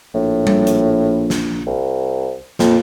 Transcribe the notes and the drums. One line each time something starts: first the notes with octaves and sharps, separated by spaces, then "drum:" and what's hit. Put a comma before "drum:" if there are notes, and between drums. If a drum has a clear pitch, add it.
A#1 A2
drum: tom G3
drum: hi-hat
drum: snare
C2
F2 A#2, drum: snare